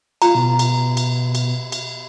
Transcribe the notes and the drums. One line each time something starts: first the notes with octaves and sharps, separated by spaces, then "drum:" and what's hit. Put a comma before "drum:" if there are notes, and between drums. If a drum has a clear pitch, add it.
F4 A#5, drum: cymbal
B2
drum: cymbal
drum: cymbal
drum: cymbal
drum: cymbal